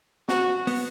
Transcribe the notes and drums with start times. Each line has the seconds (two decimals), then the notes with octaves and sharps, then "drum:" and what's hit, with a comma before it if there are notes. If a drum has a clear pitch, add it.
0.29 F#4, drum: snare
0.67 B3, drum: open hi-hat